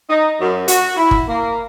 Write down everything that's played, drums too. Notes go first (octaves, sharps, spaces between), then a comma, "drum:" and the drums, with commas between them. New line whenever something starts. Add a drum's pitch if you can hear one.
D#4
F#2
F#4, drum: hi-hat
E4
drum: kick
A#3